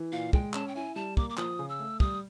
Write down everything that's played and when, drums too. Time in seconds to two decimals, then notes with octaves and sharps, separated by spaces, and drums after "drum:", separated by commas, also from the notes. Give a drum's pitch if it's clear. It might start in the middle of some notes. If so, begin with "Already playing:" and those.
Already playing: E3
0.12 A#2 F5
0.33 G#3 G5, drum: kick
0.53 C#4 A5, drum: clap
0.68 G5
0.75 E4 G#5
0.95 G3 A5
1.17 A#3 D6, drum: kick
1.30 D6
1.37 F3 D#6, drum: clap
1.59 C#3
1.69 E6
1.80 A3
2.00 G3 D#6, drum: kick